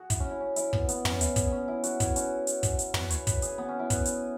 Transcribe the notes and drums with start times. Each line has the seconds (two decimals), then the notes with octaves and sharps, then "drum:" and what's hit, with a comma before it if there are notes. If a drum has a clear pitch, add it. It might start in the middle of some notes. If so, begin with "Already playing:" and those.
Already playing: F#4 G#4
0.10 E4, drum: kick, hi-hat
0.20 C#4
0.31 E4
0.40 C#4
0.56 E4, drum: hi-hat
0.73 B3, drum: kick
0.89 B3, drum: hi-hat
1.05 C#4, drum: tom
1.21 E4, drum: hi-hat
1.36 G#4, drum: kick, hi-hat
1.52 C#4
1.68 E4
1.84 F#4, drum: hi-hat
2.00 E4, drum: kick, hi-hat
2.16 C#4, drum: hi-hat
2.47 drum: hi-hat
2.63 drum: kick, hi-hat
2.79 drum: hi-hat
2.94 B4, drum: tom
3.10 C#5, drum: hi-hat
3.27 B4, drum: kick, hi-hat
3.42 G#4, drum: hi-hat
3.58 B3
3.69 C#4
3.79 E4
3.90 B4, drum: kick, hi-hat
4.05 drum: hi-hat